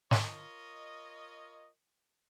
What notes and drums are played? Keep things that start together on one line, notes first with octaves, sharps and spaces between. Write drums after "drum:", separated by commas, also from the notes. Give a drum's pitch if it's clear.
F4 A#4 C#5 D#5, drum: snare